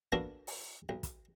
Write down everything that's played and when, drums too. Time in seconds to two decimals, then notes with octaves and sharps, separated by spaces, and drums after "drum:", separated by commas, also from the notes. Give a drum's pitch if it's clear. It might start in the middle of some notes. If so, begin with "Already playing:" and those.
0.12 A#3 B3 D4 F#4 A4 A#4
0.47 drum: open hi-hat
0.89 B1
1.03 drum: kick, hi-hat